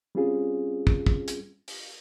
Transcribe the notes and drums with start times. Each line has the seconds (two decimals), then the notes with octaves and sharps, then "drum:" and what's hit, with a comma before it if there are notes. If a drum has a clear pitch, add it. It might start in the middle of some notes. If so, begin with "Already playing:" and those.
0.15 G3 C4 C#4 F4 G#4
0.87 drum: kick
1.06 drum: kick
1.28 drum: hi-hat
1.68 drum: open hi-hat